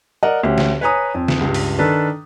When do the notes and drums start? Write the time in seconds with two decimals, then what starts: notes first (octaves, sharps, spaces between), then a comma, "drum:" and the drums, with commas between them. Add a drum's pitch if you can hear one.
0.23 A#4 D5 D#5 F#5
0.43 D2 C#4 G4
0.58 drum: snare
0.81 B4 C#5 G#5 A#5 D#6
1.14 F2
1.28 drum: snare
1.41 C#2 G2
1.54 drum: open hi-hat
1.79 D#3 D4 A4 B4